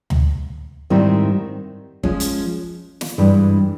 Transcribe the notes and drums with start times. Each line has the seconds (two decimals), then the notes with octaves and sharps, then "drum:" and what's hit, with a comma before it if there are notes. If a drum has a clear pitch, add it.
0.10 drum: tom D2
0.90 G#2 D#3 G3 C4 E4
2.04 F3 G#3 C#4, drum: kick
2.20 drum: hi-hat
3.01 drum: snare
3.18 G2 E3 G#3